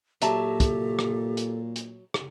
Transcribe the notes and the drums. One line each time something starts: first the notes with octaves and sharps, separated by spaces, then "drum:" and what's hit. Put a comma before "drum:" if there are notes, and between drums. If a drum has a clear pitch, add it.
A#2 F#3 G4 A4 E5 A5, drum: hi-hat
drum: kick, hi-hat
drum: rim click
drum: hi-hat
drum: hi-hat
drum: rim click